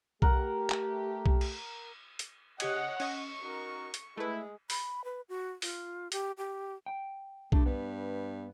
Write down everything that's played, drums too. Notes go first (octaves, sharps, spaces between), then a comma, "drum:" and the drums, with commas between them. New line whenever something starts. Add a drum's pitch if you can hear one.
A3 G4 A#4 F#5, drum: kick B1
drum: clap
drum: kick B1
drum: cymbal
drum: hi-hat
C#3 G4 C#5 D#5 F#5 G#5, drum: cymbal
C#4 D#5 C#6, drum: cymbal
D#4 F#4 A#4
drum: hi-hat
G#3 A3 E4 B4
B5, drum: open hi-hat
B4
F#4
F4, drum: open hi-hat
G4, drum: hi-hat
G4
G5
A3 D4 G4, drum: kick B1
G2 B3